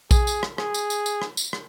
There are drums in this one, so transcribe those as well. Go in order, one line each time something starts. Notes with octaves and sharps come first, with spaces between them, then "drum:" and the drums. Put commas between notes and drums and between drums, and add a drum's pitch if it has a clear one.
G#4, drum: kick A#1, tambourine
drum: tambourine
drum: rim click
G#4, drum: rim click
drum: tambourine
drum: tambourine
drum: tambourine
drum: rim click
drum: tambourine
drum: rim click